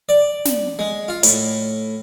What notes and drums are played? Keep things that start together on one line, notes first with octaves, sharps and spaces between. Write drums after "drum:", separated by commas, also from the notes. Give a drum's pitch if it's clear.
D5
drum: snare
G#3
F4
A2, drum: hi-hat